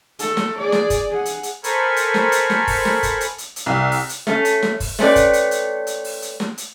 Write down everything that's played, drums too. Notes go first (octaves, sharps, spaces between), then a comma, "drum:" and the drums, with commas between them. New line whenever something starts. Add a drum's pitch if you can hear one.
A3 A4, drum: hi-hat
drum: snare
G#4 D5
drum: snare
drum: kick, hi-hat
G#4 F#5
drum: hi-hat
drum: hi-hat
A4 A#4 C5 G#5 B5 C#6, drum: hi-hat
drum: hi-hat
drum: snare
drum: hi-hat
drum: snare
drum: kick, open hi-hat
drum: snare
drum: kick, hi-hat
drum: hi-hat
drum: hi-hat
drum: hi-hat
C2
drum: open hi-hat
drum: hi-hat
A3 C#4, drum: snare
drum: hi-hat
drum: snare
drum: kick, open hi-hat
A3 C4 C#4 B4 D5, drum: snare
drum: kick, hi-hat
drum: hi-hat
drum: hi-hat
drum: hi-hat
drum: open hi-hat
drum: hi-hat
drum: snare
drum: hi-hat